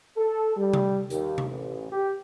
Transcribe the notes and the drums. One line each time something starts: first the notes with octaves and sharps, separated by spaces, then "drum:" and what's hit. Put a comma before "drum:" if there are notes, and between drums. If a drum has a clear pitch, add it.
A4
G3
drum: tom C3
D#2, drum: hi-hat
drum: tom C3
A1
G4